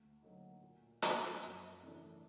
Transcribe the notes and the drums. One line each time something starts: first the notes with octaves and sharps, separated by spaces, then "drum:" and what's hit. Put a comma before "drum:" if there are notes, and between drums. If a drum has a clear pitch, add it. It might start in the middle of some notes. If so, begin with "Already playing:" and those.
Already playing: D2
D3 F#3 A#3 D#4
A#2
F3 A3, drum: hi-hat
F#2
C#3 E3 A3 D4